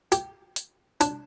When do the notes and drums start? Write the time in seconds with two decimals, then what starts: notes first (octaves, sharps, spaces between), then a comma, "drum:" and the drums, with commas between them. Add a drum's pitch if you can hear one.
0.12 G4, drum: hi-hat
0.56 drum: hi-hat
1.01 D4, drum: hi-hat